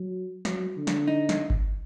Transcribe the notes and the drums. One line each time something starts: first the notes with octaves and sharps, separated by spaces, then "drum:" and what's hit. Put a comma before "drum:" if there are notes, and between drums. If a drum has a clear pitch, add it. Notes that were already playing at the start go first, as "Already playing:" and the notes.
Already playing: F#3
F#3, drum: snare
D3
drum: snare
D#4
drum: snare
drum: kick G1